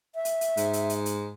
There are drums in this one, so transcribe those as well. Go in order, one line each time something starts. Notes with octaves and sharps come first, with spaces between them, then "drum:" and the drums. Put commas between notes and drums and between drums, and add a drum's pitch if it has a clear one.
E5
drum: hi-hat
drum: hi-hat
G#2, drum: hi-hat
drum: hi-hat
drum: hi-hat
drum: hi-hat